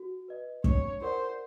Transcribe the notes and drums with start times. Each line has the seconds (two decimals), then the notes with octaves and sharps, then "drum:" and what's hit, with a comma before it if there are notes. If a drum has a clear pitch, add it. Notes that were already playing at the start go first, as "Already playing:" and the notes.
Already playing: F#4
0.28 B4 D#5
0.64 D4 C#5, drum: kick
1.01 F4 A#4 C5 D5 F#5